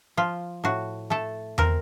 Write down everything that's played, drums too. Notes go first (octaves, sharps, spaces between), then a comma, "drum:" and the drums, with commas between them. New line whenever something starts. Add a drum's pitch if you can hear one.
F3 F4
A2 F#4
A3 A4
C4 A#4, drum: tom E2